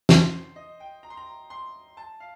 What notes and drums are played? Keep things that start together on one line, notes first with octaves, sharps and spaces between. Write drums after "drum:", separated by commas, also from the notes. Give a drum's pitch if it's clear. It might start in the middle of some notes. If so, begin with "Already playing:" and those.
C5, drum: snare
D#5
G5
A#5
C6
A#5
C6
A5
F5